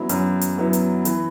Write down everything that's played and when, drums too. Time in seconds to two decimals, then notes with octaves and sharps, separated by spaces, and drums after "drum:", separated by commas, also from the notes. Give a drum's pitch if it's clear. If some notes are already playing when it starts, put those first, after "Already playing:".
Already playing: F#3 B3 E4
0.09 F#2, drum: hi-hat
0.41 drum: hi-hat
0.58 F#3 B3 E4
0.73 drum: hi-hat
1.05 E3, drum: hi-hat